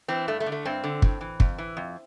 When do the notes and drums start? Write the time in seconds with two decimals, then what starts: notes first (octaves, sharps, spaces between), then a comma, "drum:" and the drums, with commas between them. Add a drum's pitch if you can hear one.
0.08 E3 C4
0.28 G2 A3
0.40 A3
0.46 D3
0.52 A3
0.65 G2 C4
0.84 D3
1.02 A2, drum: kick
1.21 E3
1.40 F2, drum: kick
1.58 E3
1.77 F2